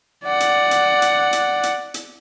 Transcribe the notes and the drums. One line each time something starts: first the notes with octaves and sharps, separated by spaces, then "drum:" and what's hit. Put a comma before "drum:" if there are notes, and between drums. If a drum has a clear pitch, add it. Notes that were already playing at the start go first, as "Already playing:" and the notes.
D5 F#5
drum: hi-hat
drum: hi-hat
drum: hi-hat
drum: hi-hat
drum: hi-hat
drum: hi-hat